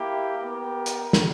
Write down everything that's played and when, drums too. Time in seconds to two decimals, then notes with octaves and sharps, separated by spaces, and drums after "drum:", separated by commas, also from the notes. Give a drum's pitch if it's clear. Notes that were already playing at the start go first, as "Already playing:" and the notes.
Already playing: A#3 E4 G4
0.38 B3 G4 A#4
0.86 drum: hi-hat
1.13 drum: snare